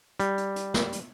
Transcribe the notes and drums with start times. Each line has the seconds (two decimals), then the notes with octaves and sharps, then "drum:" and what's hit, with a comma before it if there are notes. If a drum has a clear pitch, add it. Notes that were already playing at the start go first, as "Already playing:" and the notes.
0.20 G3, drum: hi-hat
0.38 drum: hi-hat
0.56 drum: hi-hat
0.74 drum: snare
0.92 drum: hi-hat